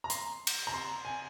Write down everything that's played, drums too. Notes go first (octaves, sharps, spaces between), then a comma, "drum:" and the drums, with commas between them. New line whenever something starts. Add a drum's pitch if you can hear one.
A#5
C6, drum: hi-hat
drum: cymbal
A#5
C6
G#5